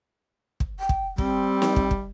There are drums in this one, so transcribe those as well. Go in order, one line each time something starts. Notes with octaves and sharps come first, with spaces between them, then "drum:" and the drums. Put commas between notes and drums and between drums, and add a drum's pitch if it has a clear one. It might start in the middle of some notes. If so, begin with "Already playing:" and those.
drum: kick
G5
drum: kick
G3 C4, drum: kick
drum: snare
drum: kick
drum: kick